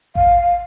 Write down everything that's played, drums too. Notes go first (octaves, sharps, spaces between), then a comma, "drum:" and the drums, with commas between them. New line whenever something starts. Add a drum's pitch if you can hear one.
F5, drum: kick G#1